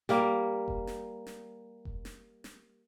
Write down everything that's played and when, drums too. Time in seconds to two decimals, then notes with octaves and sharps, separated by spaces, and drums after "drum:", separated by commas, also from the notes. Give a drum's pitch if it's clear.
0.09 G3 A#3, drum: snare
0.68 drum: kick F1
0.87 drum: snare
1.27 drum: snare
1.85 drum: kick F1
2.05 drum: snare
2.44 drum: snare